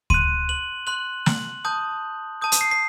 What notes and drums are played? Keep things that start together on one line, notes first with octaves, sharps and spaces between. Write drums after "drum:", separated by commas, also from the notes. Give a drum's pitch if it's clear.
C6 F#6 D#7, drum: kick D2
F#7
C6 F#6 F#7
F#7, drum: snare
A5 D#6 G6
A5 D#6 G6
drum: hi-hat
C7
C7